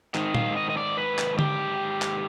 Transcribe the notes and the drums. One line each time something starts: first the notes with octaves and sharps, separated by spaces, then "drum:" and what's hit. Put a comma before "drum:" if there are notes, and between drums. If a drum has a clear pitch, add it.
G#2 D#3 D#4, drum: clap
F5, drum: tom A#2
D#5
D#5
D5
B4
drum: clap
G4, drum: tom D3
drum: clap